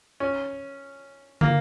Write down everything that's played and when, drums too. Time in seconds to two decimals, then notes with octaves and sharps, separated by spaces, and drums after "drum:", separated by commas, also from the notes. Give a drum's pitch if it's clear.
0.20 C#4
1.41 A#3, drum: tom